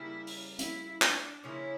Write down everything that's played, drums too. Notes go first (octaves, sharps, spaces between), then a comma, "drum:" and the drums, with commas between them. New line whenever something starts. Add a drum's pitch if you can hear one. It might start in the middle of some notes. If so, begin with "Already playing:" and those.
Already playing: C#3 G3 A#3 E4
drum: open hi-hat
E4, drum: hi-hat
D4, drum: clap
C#3 F3 A#3 C#4 E4